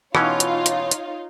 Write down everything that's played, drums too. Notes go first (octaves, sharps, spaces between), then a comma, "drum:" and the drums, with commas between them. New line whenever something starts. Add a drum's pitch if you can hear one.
B2 E3 C#4 D#4 F4 C#5, drum: rim click
drum: hi-hat
drum: hi-hat
drum: hi-hat